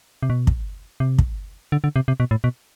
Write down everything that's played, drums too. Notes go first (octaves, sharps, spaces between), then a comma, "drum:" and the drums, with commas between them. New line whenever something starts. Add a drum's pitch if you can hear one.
C3
B2
drum: kick
C3
drum: kick
D3
D3
C3
C3
B2
A2
B2